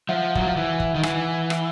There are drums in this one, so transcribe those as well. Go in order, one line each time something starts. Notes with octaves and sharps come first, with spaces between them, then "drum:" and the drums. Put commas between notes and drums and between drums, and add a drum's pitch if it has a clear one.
F3 E5 F#5
F#3, drum: kick
F3
E3
drum: kick
D#3
E3 F#5 G#5, drum: rim click
drum: rim click